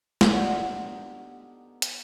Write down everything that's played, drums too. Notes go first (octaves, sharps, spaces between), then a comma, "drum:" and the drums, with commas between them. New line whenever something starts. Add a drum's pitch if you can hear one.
B2 D3 D#4 G4, drum: snare
drum: hi-hat